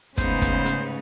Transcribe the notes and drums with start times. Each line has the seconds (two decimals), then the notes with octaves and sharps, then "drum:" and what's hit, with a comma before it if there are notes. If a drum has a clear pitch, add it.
0.18 G#2 C#3 A3 B3 D#4 C5, drum: kick, hi-hat
0.42 drum: kick, hi-hat
0.66 drum: hi-hat